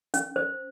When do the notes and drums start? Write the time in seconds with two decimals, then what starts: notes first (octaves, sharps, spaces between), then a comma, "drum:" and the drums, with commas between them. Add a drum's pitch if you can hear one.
0.14 C#4, drum: hi-hat
0.36 C5